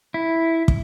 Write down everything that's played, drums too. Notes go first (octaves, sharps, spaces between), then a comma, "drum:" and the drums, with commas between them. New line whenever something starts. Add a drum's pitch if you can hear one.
E4
drum: kick